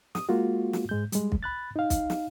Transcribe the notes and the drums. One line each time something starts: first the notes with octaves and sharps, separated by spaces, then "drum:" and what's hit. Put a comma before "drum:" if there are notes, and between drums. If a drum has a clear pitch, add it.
D#6, drum: snare
G#3 A#3 F4 F#4
drum: snare
G#2 G#3 G6
G3 G#3, drum: hi-hat
drum: kick
B5 F#6 A6
D#4 F5
drum: kick, hi-hat
drum: snare